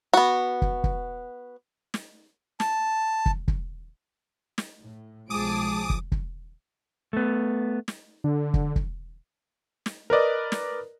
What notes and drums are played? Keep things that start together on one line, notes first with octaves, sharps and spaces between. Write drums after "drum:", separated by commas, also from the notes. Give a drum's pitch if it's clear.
B3 F#4
drum: kick
drum: kick
drum: snare
A5, drum: snare
drum: kick
drum: kick
drum: snare
A2
B1 F3 G#3 G#4 A5 D6 D#6 D7
drum: kick
drum: kick
A3 B3
drum: snare
D3
drum: kick
drum: kick
drum: snare
A#4 B4 D5 D#5
drum: snare